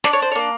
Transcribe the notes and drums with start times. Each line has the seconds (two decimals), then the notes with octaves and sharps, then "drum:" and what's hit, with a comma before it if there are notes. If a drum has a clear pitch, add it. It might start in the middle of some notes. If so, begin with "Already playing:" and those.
0.04 D4 D5, drum: snare
0.13 C#5
0.22 C5
0.31 C#5
0.35 A#3